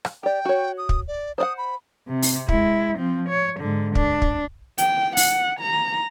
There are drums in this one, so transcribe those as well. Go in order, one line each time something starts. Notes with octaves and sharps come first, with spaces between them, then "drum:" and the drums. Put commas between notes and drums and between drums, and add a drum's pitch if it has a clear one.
drum: rim click
G4 D5 G5
F#4 C#5
D#6
drum: kick
D5
C5 D5 F#5 D#6
B5
C3
drum: open hi-hat
G#3 E4, drum: kick
F3 C4
C#5
G#2 D3
D4, drum: kick
drum: kick
G5, drum: hi-hat
F#5, drum: open hi-hat
A#5